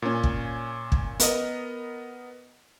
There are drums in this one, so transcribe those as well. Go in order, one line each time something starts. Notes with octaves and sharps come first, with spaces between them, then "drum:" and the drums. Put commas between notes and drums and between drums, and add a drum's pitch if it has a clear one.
A#2 C#4
drum: kick
drum: kick
B3 A#4 D#5, drum: hi-hat